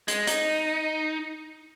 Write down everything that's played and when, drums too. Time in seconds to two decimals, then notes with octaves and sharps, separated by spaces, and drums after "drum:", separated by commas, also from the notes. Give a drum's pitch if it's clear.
0.08 G#3, drum: hi-hat
0.27 D#4, drum: hi-hat